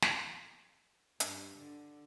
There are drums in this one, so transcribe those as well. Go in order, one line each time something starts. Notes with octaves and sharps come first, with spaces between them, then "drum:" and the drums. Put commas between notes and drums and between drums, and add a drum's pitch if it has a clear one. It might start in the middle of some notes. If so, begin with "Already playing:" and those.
drum: snare
G2, drum: hi-hat
D3